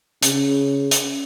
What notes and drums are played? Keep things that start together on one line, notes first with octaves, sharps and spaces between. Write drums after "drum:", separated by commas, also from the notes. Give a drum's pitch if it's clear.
C#3, drum: hi-hat
drum: hi-hat